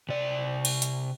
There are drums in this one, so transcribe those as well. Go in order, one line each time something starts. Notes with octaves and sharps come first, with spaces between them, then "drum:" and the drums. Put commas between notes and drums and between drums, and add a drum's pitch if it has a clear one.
C3 D5
drum: cymbal
drum: hi-hat